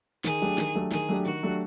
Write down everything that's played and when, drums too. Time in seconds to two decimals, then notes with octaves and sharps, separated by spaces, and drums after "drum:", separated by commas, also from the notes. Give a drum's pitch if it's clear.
0.24 D#3 G#4, drum: snare
0.42 F#3 A3 D4 G4
0.58 D#3, drum: snare
0.75 F#3 A3 D4 G4
0.92 D#3 G#4, drum: snare
1.09 F#3 A3 D4 G4
1.26 D#3 F#4
1.43 F#3 A3 D4 G4